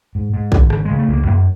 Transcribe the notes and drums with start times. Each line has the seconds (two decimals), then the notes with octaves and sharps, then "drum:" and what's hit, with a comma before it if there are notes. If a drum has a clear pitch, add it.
0.15 G#2
0.34 G#2
0.52 G#1, drum: kick A#1
0.70 C#3, drum: rim click
0.85 C#3 G#3
0.99 A3
1.08 C#2 A#3
1.26 F#2 A#3